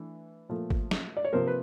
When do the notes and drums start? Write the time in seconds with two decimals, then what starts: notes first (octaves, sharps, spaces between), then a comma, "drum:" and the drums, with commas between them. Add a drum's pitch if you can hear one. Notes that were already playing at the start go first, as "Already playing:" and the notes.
Already playing: E3 A3 D4
0.49 A#2 F3 A3
0.70 drum: kick G#1
0.91 drum: snare
1.17 D5
1.25 C#5
1.33 C3 F3 A#3 A#4 C5
1.47 B4